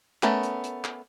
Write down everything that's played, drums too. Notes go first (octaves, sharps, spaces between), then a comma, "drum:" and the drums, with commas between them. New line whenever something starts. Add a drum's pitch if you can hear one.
A3 B3 C#4 A#4, drum: clap
drum: hi-hat
drum: hi-hat
drum: clap